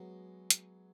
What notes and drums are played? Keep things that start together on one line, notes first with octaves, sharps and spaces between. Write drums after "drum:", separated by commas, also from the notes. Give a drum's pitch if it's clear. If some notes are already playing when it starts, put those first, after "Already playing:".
Already playing: F#3 G#3 B3 F#4
drum: hi-hat